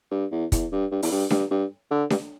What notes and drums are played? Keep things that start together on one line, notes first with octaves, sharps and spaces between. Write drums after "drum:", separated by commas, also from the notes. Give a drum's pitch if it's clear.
G2
E2
E2, drum: kick, hi-hat
G2
G2
E2, drum: open hi-hat
G2
G2, drum: snare D4
G2
D3
G2, drum: snare D4